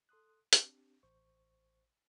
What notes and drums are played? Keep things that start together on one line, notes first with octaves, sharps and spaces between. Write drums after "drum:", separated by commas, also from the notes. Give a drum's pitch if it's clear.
A4 C6 D#6 F#6
C4 D4 G4, drum: hi-hat
A1 C5 C#6